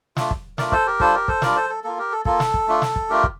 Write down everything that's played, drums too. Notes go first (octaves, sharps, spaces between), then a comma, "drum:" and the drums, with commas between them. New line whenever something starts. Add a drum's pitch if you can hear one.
A3 D4 F4, drum: snare
drum: kick
A3 D4 F4 A#4 D5, drum: snare
A4 C5, drum: kick
G4 A#4
G3 D4 F4 A4 C5, drum: kick
G4 A#4
A4 C5, drum: kick
G3 D4 F4 A#4 D5, drum: snare
A4 C5
A4
A#3 F4 A4
G4 A#4
A4
A#3 F4 A4, drum: kick
drum: snare
drum: kick
A3 D4 F4
drum: snare
drum: kick
A3 D4 F4 G4 A#4
drum: kick